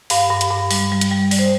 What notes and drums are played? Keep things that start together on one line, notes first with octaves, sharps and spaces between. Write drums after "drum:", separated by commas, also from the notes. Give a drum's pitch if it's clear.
G2 F5, drum: open hi-hat
G2
drum: hi-hat
G2
G3, drum: open hi-hat
G3
drum: hi-hat
G3
G3 D5, drum: open hi-hat
C5